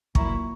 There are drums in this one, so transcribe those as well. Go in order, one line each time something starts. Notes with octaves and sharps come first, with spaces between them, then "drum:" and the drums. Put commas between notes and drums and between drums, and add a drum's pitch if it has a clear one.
A#2 F#3 A#3 E4 A#5 C#6, drum: kick